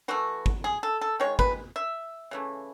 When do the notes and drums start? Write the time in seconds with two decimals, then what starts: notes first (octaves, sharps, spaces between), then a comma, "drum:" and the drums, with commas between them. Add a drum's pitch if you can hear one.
0.08 E3 A3 F#4
0.46 drum: kick
0.64 G#4
0.83 A4
1.01 A4
1.20 D#3 G#3 C#5
1.39 B4, drum: kick
1.76 E5
2.31 C#3 E3 A3